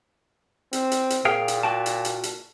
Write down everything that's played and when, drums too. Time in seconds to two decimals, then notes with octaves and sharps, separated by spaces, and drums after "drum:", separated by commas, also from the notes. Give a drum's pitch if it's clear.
0.73 C4, drum: hi-hat
0.92 drum: hi-hat
1.10 drum: hi-hat
1.25 A#2 G#4 F5 G5
1.48 drum: hi-hat
1.63 F#4 G5 A5
1.86 drum: hi-hat
2.05 drum: hi-hat
2.23 drum: hi-hat